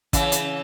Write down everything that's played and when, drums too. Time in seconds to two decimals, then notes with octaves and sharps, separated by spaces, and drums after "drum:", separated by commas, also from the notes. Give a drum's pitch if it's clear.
0.13 C#3 E3, drum: kick, hi-hat
0.32 drum: hi-hat